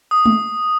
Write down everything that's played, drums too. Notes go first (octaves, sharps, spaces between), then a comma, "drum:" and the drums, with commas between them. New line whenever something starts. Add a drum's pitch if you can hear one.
D#6
drum: tom G#3